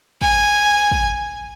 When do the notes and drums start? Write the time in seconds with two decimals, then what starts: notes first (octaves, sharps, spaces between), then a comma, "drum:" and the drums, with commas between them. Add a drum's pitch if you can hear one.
0.22 G#5, drum: kick
0.92 drum: kick